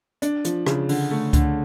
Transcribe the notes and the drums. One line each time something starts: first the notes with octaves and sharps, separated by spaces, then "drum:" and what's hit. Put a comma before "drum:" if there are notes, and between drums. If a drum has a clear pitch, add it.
D4, drum: hi-hat
F3, drum: hi-hat
C#3, drum: rim click
D3, drum: open hi-hat
A3
D3, drum: kick C#2, hi-hat